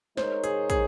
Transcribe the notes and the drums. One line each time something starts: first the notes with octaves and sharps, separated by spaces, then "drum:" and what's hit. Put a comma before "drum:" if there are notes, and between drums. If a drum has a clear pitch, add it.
G#3 D#4 A#4 C5 C#5, drum: snare
G#4, drum: hi-hat
G#4, drum: kick, hi-hat